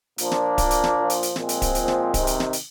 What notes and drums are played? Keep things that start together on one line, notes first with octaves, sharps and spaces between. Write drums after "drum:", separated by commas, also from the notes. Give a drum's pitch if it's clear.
A#2 F3 A#3 D4, drum: hi-hat
drum: snare
A#2 F3, drum: kick D1, hi-hat
drum: hi-hat
drum: snare
A#2 F3
drum: hi-hat
drum: hi-hat
A#2 F3 G#3 C4, drum: snare
drum: hi-hat
drum: kick D1, hi-hat
A#2 F3, drum: hi-hat
drum: snare
C3 D#3, drum: kick D1, hi-hat
drum: hi-hat
drum: snare
drum: hi-hat